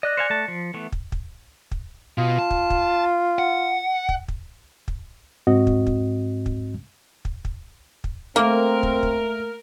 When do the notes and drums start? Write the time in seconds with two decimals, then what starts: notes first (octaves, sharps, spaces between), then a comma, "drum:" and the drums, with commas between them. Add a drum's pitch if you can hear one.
0.03 D5 D#5 F#6 A#6
0.17 C5 F5 G#5 C#7
0.30 A3 A5
0.48 F3
0.74 E3 A3 B3
0.92 drum: kick
1.12 drum: kick
1.71 drum: kick
2.18 B2 F4
2.39 A5
2.51 drum: kick
2.70 drum: kick
3.39 F#5
4.09 drum: kick
4.28 drum: kick
4.88 drum: kick
5.47 G#2 C4 F#4 D#5
5.67 drum: kick
5.87 drum: kick
6.46 drum: kick
7.25 drum: kick
7.45 drum: kick
8.04 drum: kick
8.36 A3 A#3 C4 A#4
8.83 drum: kick
9.03 drum: kick